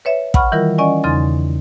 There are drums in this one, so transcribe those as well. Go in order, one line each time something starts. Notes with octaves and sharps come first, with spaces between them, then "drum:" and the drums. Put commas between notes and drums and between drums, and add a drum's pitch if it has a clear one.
B4 C#5 E5
F#5 B5 C#6 F6, drum: kick
D#3 E3 G3 E4 F4 A#4
C#4 D5 D#5 F#5 G#5 C#6
E2 C#3 D#4 C6 A6